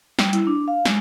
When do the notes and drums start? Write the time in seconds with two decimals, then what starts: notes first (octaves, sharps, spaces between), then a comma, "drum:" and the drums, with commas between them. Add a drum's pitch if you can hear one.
0.19 G3, drum: snare
0.33 E4, drum: hi-hat
0.47 D4
0.68 F5
0.85 G#3, drum: snare